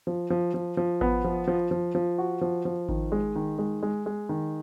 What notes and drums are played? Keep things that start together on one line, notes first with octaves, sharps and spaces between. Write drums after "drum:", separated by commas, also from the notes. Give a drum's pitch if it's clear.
F3
F3
F3
F3
B3, drum: kick G#1
F3
F3
F3
F3
F#4
F3
F3
D#3, drum: kick G#1
G#3
D#3
G#3
G#3
G#3
D#3